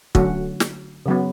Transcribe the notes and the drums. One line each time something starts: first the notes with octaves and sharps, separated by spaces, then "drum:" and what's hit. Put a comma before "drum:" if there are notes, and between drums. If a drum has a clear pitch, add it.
D3 F#3 A3 C#4 F#4, drum: kick
drum: snare
C#3 F#3 B3